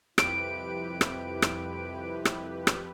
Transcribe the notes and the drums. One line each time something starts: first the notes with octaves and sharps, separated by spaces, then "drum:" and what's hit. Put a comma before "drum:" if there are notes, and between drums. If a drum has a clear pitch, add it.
C2 F2 C4 E4 G4 B4 D7, drum: rim click
drum: rim click
drum: rim click
drum: rim click
drum: rim click